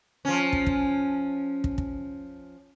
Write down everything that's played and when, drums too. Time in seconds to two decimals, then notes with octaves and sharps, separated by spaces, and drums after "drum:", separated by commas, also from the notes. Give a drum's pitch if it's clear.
0.25 F3 C#4
0.53 drum: kick
0.66 drum: kick
1.64 drum: kick
1.78 drum: kick